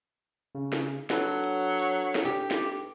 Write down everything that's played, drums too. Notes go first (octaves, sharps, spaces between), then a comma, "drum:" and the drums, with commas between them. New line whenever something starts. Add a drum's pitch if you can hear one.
C#3
drum: snare
F#3 D4 A4 B4, drum: snare
drum: hi-hat
drum: hi-hat
drum: snare
G4
drum: snare